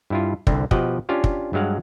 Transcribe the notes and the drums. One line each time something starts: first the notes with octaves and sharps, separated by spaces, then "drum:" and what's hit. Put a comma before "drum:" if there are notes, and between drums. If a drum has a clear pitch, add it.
G2 E4 F4
C2 D3 C4, drum: kick
B2 F3 G4 D#5 F#5, drum: kick
C#4 D4 F4 G4 F5
drum: kick
G2 F#3 G#3 F5 F#5